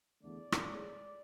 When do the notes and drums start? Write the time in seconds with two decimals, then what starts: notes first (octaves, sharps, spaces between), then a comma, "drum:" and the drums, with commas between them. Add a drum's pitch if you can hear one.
0.22 E2 D3 A3 D5
0.52 drum: rim click
0.68 A1 A2 G#3